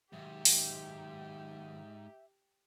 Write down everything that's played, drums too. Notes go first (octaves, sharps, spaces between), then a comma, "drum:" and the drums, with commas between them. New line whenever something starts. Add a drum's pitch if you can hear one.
G#2 D#3 F#3 G4 E5
drum: open hi-hat